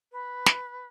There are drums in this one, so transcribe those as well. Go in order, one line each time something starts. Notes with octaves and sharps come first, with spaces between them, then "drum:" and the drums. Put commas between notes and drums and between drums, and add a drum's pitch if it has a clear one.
B4
drum: snare